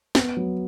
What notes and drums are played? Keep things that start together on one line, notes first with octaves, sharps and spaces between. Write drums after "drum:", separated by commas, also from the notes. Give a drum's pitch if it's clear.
B3, drum: snare
F#3